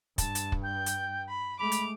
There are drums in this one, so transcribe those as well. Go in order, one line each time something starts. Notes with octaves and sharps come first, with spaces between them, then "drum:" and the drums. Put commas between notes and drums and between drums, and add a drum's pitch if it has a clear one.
G2 A5, drum: kick, hi-hat
drum: hi-hat
drum: kick
G5 G6
drum: hi-hat
B5
G#3 A3 B5 D6 F7
drum: hi-hat